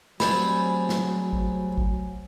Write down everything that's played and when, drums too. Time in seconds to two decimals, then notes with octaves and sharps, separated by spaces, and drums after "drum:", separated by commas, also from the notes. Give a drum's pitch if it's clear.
0.20 F#3 G3 A3 C4 G#4 G#5 B5, drum: snare
0.89 drum: snare
1.33 drum: kick
1.78 drum: kick